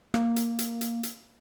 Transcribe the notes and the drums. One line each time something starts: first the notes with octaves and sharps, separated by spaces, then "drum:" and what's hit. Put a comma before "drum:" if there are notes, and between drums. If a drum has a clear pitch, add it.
A#3, drum: rim click
drum: hi-hat
drum: hi-hat
drum: hi-hat
drum: hi-hat